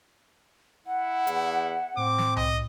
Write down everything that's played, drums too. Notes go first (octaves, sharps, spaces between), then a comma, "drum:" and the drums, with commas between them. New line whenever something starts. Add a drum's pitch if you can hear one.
E4 F#5
E2, drum: hi-hat
A2 C4 D6
drum: snare
D#5, drum: tom C2